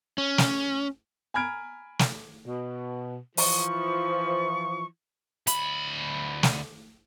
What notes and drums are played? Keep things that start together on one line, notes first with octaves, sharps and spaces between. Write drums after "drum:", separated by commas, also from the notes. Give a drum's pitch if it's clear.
C#4
drum: snare
G#5 A#5 B5 F6 G#6 D7
drum: snare
B2
E3 F3 C#6, drum: open hi-hat
D2 B5, drum: hi-hat
drum: snare